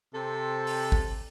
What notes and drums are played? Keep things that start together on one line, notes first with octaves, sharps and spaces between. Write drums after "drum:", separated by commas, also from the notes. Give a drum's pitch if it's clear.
C3 C4 A4
drum: open hi-hat
drum: kick